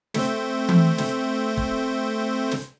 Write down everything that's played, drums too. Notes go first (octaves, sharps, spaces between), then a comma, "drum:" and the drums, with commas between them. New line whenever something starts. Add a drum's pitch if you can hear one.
A3 C4 C5, drum: snare
drum: tom E3
drum: snare
drum: kick
drum: snare